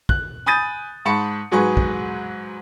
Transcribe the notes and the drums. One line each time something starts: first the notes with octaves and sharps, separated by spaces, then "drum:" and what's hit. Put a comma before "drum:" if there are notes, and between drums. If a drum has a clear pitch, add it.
F#6, drum: kick
G#5 B5 D#6 G6 A6 D#7
G#2 A5 B5 C#6 C#7
G#2 F#3 G#4 B4 C#6
drum: kick